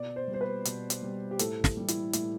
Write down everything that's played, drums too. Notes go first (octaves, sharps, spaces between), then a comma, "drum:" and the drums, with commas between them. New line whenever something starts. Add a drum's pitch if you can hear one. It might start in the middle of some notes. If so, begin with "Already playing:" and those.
Already playing: B2 D5
C5
G3
C5
B4
B2, drum: hi-hat
drum: hi-hat
G3
G4
A2 A4, drum: hi-hat
drum: snare
E3 G3
E4, drum: hi-hat
A2 E4, drum: hi-hat